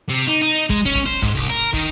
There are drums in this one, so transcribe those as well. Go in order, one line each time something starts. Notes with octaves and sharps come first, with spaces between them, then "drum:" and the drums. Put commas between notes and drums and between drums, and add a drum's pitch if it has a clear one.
C3
D#4
D#4
G#3, drum: kick
C#4
drum: kick
C5
G#2, drum: kick
C2
A#4
D#3, drum: kick